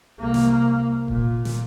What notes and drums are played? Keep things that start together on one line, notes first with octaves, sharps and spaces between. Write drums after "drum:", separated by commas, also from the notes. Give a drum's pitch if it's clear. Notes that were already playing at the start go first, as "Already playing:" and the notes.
C2 A#3
drum: snare
A#2, drum: kick D#1
drum: snare